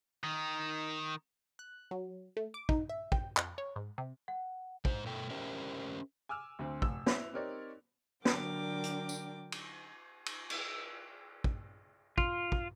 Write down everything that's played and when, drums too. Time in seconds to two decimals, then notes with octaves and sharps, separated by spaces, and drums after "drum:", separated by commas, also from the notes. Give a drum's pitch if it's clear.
0.24 D#3
1.59 F#6
1.91 F#3
2.37 A3
2.54 D6
2.69 D#4, drum: kick
2.89 E5
3.12 G5, drum: kick
3.37 F2, drum: clap
3.58 C#5
3.76 G#2
3.98 C3
4.28 F#5
4.85 G#2 C5, drum: kick
5.06 B2 A3 A4 G5
5.30 C#4 G4 A#4 C5 E5 G5
6.29 G#5 D6 E6 F6
6.59 D2 D3 C4
6.82 F1 E6, drum: kick
7.06 C4 E4 B4 F#6 F7, drum: snare
7.33 C4 D#4 G4 A#4 C#5 D5
8.25 D3 F#3 D4 A#4 G5 D6, drum: snare
8.84 drum: hi-hat
9.09 drum: tambourine
9.52 drum: cymbal
10.26 drum: cymbal
10.50 drum: cymbal
11.44 drum: kick
12.18 F4, drum: kick
12.52 drum: kick